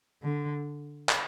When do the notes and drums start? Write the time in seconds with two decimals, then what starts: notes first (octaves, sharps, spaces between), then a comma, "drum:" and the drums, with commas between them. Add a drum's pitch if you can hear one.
0.24 D3
1.09 drum: clap